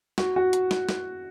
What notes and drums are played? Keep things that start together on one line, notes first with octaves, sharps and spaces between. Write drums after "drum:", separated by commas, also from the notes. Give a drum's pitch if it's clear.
F#4, drum: snare
F#4
drum: hi-hat
drum: snare
drum: snare